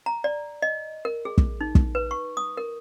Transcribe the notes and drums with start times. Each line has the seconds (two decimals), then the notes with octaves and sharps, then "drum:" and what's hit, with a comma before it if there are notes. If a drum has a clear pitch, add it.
0.06 A#5
0.24 D5
0.62 D#5
1.05 A#4
1.25 G#4
1.38 drum: kick
1.61 D#4
1.75 drum: kick
1.95 B4
2.11 C#6
2.37 D#6
2.57 A#4